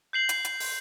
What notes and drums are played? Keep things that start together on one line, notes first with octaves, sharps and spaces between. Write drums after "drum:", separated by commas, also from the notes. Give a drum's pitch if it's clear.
G6 C7 F#7
drum: hi-hat
drum: hi-hat
drum: open hi-hat